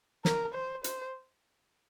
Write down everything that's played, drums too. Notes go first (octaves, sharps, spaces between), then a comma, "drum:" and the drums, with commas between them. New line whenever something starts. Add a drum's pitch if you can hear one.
A#4, drum: snare
C5
C5, drum: hi-hat